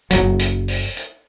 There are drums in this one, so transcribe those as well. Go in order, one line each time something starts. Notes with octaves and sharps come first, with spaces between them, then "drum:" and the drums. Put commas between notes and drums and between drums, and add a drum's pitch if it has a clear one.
F#1 C#2 F#3, drum: hi-hat
drum: hi-hat
drum: open hi-hat
drum: hi-hat